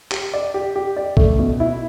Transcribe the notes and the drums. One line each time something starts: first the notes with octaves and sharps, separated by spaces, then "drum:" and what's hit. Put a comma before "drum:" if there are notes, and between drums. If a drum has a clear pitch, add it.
G4, drum: clap
D5
G4
G4
D5
A3, drum: kick
B2
E4